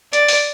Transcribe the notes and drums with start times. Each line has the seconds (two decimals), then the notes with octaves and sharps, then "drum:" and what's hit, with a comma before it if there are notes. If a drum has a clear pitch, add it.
0.13 D5, drum: hi-hat
0.28 drum: open hi-hat